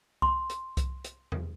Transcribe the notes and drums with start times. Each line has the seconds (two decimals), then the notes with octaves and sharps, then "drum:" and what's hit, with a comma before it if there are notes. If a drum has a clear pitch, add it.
0.22 C6, drum: kick C2
0.50 drum: hi-hat
0.77 drum: kick C2, hi-hat
1.04 drum: hi-hat
1.32 drum: tom E2